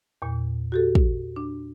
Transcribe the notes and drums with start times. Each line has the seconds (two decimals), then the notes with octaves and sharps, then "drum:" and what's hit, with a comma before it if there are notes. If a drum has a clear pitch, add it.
0.22 E2 A#2
0.72 F#4 G4 A4
0.95 drum: kick
1.36 D4